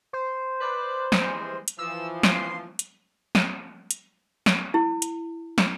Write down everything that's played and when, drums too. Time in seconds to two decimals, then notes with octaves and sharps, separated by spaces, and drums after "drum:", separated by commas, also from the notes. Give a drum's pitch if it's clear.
0.13 C5
0.61 B4 D5
1.12 drum: snare
1.22 E3 G3 G#3
1.68 drum: hi-hat
1.79 E3 F3 E6
2.23 C6, drum: snare
2.79 drum: hi-hat
3.35 drum: snare
3.91 drum: hi-hat
4.46 drum: snare
4.74 E4
5.02 drum: hi-hat
5.58 drum: snare